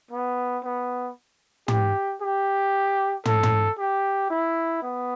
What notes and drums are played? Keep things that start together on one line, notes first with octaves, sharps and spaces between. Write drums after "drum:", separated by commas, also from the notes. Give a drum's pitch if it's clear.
B3
B3
G4, drum: tom
G4
A4, drum: tom
drum: tom
G4
E4
B3